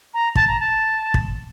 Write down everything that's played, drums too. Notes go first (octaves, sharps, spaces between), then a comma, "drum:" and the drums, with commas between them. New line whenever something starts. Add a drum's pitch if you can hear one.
A#5
A5, drum: kick
A#5
A5
drum: kick